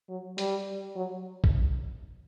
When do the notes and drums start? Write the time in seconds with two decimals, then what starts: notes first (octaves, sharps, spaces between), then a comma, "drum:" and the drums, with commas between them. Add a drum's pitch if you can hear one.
0.09 F#3
0.38 G3, drum: hi-hat
0.95 F#3
1.44 drum: kick A#1